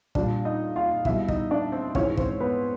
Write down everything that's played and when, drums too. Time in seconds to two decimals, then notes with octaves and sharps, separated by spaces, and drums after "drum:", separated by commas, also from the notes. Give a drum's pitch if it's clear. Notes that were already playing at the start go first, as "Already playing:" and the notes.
0.15 A#2 G3 D4 D5, drum: kick
0.45 D#4 D#5
0.76 F4 F5
1.05 B2 G3 E4 E5, drum: kick
1.28 D#4 D#5, drum: kick
1.51 D4 D5
1.72 C4 C5
1.95 G#2 E3 G#3 C#4 C#5, drum: kick
2.17 C4 C5, drum: kick
2.40 B3 B4